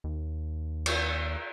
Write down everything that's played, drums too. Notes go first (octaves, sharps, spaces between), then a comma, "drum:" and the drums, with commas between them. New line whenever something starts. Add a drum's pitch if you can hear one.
D#2
drum: cymbal